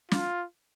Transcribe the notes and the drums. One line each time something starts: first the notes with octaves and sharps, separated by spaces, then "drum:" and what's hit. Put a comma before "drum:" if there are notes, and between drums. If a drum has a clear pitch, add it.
F4, drum: snare